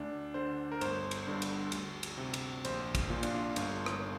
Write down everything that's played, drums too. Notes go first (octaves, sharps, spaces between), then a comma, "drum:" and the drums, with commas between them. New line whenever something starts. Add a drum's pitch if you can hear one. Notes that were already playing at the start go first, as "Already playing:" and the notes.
Already playing: D2 D4
D3 C5
A#4
G1 C5, drum: cymbal
drum: cymbal
G2 D3
drum: cymbal
D2, drum: cymbal
drum: cymbal
C3
drum: cymbal
A#1 C5, drum: cymbal
drum: kick, cymbal
A#2 F4
D4, drum: cymbal
F4
G1, drum: cymbal
drum: rim click